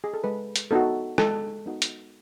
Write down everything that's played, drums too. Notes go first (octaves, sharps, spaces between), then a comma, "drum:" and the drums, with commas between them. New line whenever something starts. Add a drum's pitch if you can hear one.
G#4
A4
G#3 B4
drum: hi-hat
B3 D#4 F#4 A4
G#3 A4, drum: rim click
B3 D#4 F#4
drum: hi-hat